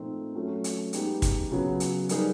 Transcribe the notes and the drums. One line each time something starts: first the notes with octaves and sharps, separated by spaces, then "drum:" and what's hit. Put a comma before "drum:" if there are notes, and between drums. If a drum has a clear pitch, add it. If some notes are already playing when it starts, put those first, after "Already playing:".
Already playing: A#2 F3 A3 C4 D#4
F#3 A3 C#4
drum: hi-hat
G#3 B3 D#4 G4, drum: hi-hat
drum: kick, hi-hat
C#3 F#3 B3
drum: hi-hat
G3 A#3 D#4 G#4 B4, drum: hi-hat